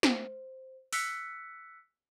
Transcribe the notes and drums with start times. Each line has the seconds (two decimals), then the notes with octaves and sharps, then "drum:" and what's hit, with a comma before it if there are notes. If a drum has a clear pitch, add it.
0.03 C5, drum: snare
0.93 E6 F#6 B6 C#7, drum: open hi-hat